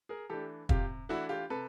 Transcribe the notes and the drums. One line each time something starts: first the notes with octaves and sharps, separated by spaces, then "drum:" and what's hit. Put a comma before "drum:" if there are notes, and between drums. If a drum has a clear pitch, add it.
G#4 A#4
E3 A3 D4 G4 A4
C3 F4 G4, drum: kick
E3 A3 D4 E4 F#4
F4 G4
C3 A4 B4